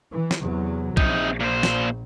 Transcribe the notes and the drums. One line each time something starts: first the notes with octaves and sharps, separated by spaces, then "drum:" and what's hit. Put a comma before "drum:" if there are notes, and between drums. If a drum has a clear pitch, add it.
E3
drum: snare
E2 C3 F#3
A#1 C3 D#4, drum: kick
A#2 C5
drum: snare